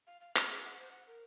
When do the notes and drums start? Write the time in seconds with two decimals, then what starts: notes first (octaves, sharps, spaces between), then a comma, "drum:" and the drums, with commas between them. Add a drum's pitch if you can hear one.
0.07 F5
0.21 F5
0.36 C5, drum: clap
0.51 G#4
0.65 F#5
0.79 C5
0.91 F#5
1.07 A#4